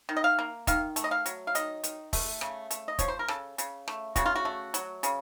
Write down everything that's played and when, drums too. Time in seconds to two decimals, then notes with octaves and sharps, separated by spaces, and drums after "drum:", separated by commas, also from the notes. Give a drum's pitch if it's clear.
0.09 D#3
0.17 D#5
0.24 F5
0.39 A#3
0.67 D#3 F5, drum: kick, hi-hat
0.96 A3, drum: hi-hat
1.04 D#5
1.11 F5
1.26 F#3, drum: hi-hat
1.47 F5
1.55 D#3 D#5, drum: hi-hat
1.84 D#3, drum: hi-hat
2.13 A3, drum: kick, open hi-hat
2.41 C#3, drum: rim click
2.71 A3, drum: hi-hat
2.88 D#5
2.99 F3 C#5, drum: kick, hi-hat
3.08 C5
3.19 A#4
3.28 C#3 A4, drum: rim click
3.58 C#3, drum: hi-hat
3.88 A3, drum: rim click
4.16 C#3 F#4, drum: kick, hi-hat
4.26 F4
4.36 F#4
4.45 A3
4.74 F#3, drum: hi-hat
5.03 C#3, drum: hi-hat